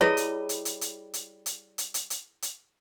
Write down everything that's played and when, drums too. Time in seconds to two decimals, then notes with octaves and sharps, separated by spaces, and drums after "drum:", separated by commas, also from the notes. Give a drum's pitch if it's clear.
0.01 G3 E4 G#4 B4 C#5 D#5
0.17 drum: hi-hat
0.49 drum: hi-hat
0.65 drum: hi-hat
0.81 drum: hi-hat
1.14 drum: hi-hat
1.46 drum: hi-hat
1.78 drum: hi-hat
1.94 drum: hi-hat
2.10 drum: hi-hat
2.42 drum: hi-hat